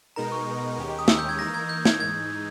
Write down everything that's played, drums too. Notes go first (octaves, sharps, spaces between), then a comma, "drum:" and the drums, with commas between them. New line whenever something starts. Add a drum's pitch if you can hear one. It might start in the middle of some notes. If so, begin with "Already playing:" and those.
B2 G#3 B3 D#4 A#4 A#5
C#6
D#2 D#3 G#3 C#4 G4
D#6
E6, drum: snare
G6
G#6
E3 A#3 D#4 A#4 A#6
G#6
G6
G#6, drum: snare
G#2 E3 G#3 D#4 G#6